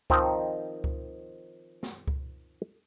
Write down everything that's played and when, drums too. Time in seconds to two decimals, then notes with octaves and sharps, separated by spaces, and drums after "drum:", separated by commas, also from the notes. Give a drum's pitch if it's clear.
0.10 D#3 F3 C4 D#4, drum: kick C#2
0.84 drum: kick C#2
1.83 drum: snare
2.07 drum: kick C#2